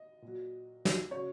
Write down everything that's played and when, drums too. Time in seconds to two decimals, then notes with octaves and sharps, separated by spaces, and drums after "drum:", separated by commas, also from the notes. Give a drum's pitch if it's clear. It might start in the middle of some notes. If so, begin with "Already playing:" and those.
Already playing: D#5
0.22 A#2
0.27 F#3
0.85 drum: snare
1.11 C#3 F#3 C#5